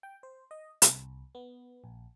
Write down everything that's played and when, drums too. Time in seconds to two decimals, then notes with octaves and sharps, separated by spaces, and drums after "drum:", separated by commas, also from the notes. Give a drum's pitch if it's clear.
0.03 G5
0.23 C5
0.51 D#5
0.82 C2, drum: hi-hat
1.35 B3
1.84 A#1